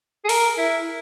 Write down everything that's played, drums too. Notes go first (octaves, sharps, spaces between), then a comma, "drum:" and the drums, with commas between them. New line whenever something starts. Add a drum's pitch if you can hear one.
G#4
A#4, drum: open hi-hat
E4